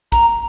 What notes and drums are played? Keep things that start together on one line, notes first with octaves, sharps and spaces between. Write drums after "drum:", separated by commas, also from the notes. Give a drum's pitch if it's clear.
A#5, drum: kick, hi-hat